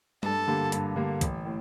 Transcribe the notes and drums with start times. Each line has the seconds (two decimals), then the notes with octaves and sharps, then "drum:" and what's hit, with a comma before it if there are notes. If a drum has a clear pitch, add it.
0.23 G2 A4, drum: tom G3
0.47 D3 G3 A#3
0.72 G2, drum: hi-hat
0.96 D3 G3 A#3
1.21 A1, drum: kick C2, hi-hat
1.45 A2